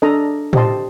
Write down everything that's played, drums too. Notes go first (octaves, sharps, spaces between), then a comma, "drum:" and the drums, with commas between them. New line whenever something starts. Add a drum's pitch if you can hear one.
D4 A4 D#5 A#5
G4 C5 D#5 A5 C6, drum: tom A2